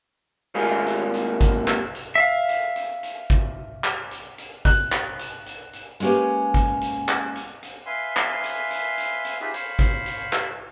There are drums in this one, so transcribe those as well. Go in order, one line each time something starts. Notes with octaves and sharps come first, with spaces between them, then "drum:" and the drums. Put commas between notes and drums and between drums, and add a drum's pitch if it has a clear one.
D#2 G#2 A3 A#3 F4 G#4
drum: hi-hat
drum: hi-hat
drum: kick G#1, hi-hat
drum: clap
drum: hi-hat
E5 F5
drum: hi-hat
drum: hi-hat
drum: hi-hat
drum: kick G#1
drum: clap
drum: hi-hat
drum: hi-hat
F#6, drum: kick G#1, hi-hat
drum: clap
drum: hi-hat
drum: hi-hat
drum: hi-hat
G#3 A#3 C#4 G4 B4, drum: hi-hat
drum: kick G#1, hi-hat
drum: hi-hat
drum: clap
drum: hi-hat
drum: hi-hat
B4 E5 F5 G#5 C6
drum: clap
drum: hi-hat
drum: hi-hat
drum: hi-hat
drum: hi-hat
D#4 F4 G4 G#4 B4 E5
C5 C#5 F5 B5, drum: hi-hat
drum: kick G#1, hi-hat
drum: hi-hat
drum: clap